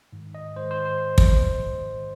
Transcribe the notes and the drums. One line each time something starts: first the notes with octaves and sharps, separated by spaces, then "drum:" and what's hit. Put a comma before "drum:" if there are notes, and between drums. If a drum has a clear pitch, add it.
G#2 D#3
D#5
G#2 D#3 C5
C5
C5
drum: kick